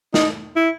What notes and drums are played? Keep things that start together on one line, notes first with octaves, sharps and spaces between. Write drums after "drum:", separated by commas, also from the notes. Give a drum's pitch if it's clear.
D#4, drum: snare
E4